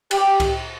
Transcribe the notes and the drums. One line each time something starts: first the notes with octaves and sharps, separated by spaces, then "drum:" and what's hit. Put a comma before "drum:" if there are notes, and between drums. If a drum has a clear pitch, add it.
G4, drum: cymbal
drum: kick C2, cymbal